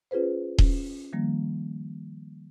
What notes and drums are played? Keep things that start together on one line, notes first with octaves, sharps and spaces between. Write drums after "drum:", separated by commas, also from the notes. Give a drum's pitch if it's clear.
C#4 F4 G#4 B4 C5
C#4, drum: kick D#1
D#3 F3 G3 A#3